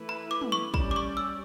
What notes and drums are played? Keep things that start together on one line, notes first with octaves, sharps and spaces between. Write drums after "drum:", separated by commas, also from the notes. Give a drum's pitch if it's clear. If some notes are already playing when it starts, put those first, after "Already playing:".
Already playing: E3 A3 E4 B4
B5
D6
drum: tom
C#6
G3 C#4 G4 D5 B5, drum: kick
D6
C#6
E6